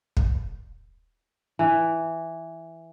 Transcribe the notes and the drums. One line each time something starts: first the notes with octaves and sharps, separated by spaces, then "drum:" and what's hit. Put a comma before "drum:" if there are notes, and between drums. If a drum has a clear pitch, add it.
drum: kick
E3